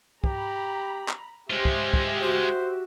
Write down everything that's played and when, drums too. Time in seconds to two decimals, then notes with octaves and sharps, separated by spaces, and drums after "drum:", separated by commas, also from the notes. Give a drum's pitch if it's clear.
0.24 G4 A#5 B5, drum: kick
1.09 drum: clap
1.50 G#3 F4 G4 C5 E5
1.65 drum: kick
1.94 drum: kick
2.21 F#4 C5